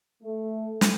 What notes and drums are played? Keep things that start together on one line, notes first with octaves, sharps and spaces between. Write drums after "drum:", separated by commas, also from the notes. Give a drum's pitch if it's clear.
A3
drum: snare